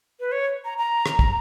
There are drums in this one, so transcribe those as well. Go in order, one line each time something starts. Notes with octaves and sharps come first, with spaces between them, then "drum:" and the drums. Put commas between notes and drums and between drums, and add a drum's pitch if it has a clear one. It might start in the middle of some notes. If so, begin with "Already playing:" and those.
B4
C#5
A#5
A#5
drum: rim click
drum: kick